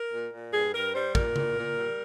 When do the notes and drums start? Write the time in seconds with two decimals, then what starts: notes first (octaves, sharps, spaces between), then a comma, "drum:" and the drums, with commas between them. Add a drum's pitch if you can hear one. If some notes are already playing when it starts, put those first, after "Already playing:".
Already playing: A#4
0.11 A#2
0.32 A#2
0.53 G2 G#4
0.73 G2 A#4
0.94 G3 C5
1.15 A#2 A#4, drum: kick
1.36 A#2, drum: tom C#3
1.56 A#2
1.77 G3